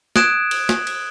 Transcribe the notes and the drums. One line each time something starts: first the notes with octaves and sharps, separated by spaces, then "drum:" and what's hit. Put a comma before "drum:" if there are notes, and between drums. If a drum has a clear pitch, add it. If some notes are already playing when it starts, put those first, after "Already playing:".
D#6 F#6 G#6 D7 E7, drum: snare
drum: cymbal
drum: snare
drum: cymbal